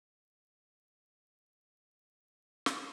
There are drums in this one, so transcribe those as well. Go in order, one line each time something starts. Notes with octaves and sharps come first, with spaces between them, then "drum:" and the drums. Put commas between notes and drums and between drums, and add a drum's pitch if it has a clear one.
C6 C#6 F#6 G#6 A6 B6
drum: snare